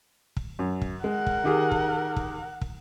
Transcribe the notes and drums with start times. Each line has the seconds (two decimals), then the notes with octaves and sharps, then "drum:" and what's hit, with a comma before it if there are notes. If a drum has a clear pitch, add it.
0.37 drum: kick
0.59 F#2
0.82 drum: kick
1.04 G#3 A#4 F#5
1.27 drum: kick
1.44 D#3 G4 G#4
1.71 drum: kick
2.16 drum: kick
2.61 drum: kick